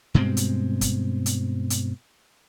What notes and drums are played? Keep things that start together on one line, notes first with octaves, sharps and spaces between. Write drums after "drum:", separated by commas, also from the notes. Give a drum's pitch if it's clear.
G2 B2 G#3 C4
drum: hi-hat
drum: kick, hi-hat
drum: hi-hat
drum: hi-hat